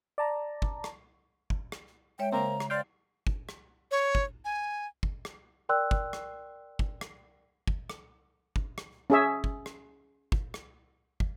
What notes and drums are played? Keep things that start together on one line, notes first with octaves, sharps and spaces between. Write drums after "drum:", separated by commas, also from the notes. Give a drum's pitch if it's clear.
D5 A5 A#5
drum: kick
drum: rim click
drum: kick
drum: rim click
G#3 C#5 E5 G5
C#3 A#3 C4 A#5
drum: rim click
C5 D5 F5 G5
drum: kick
drum: rim click
C#5
drum: kick
G#5
drum: kick
drum: rim click
A#4 D5 G5 C6 E6 F#6
drum: kick
drum: rim click
drum: kick
drum: rim click
drum: kick
drum: rim click
drum: kick
drum: rim click
C#4 G#4 E5
drum: kick
drum: rim click
drum: kick
drum: rim click
drum: kick